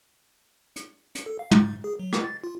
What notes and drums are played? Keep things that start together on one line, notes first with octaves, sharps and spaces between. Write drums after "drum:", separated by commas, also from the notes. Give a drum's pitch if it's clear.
drum: hi-hat
drum: hi-hat
A4
F5
G#2, drum: tom
G#4
F#3
E4, drum: rim click
A6
F4